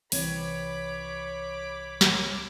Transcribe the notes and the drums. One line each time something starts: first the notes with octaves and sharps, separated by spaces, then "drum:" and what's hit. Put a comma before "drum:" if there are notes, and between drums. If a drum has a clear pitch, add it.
C2 E3 C4 C#5 B5 D6, drum: open hi-hat
drum: snare